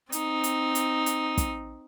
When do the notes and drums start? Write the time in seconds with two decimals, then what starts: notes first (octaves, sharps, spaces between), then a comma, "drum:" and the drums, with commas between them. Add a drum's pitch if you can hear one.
0.12 C4 D#4, drum: hi-hat
0.44 drum: hi-hat
0.75 drum: hi-hat
1.06 drum: hi-hat
1.38 drum: kick, hi-hat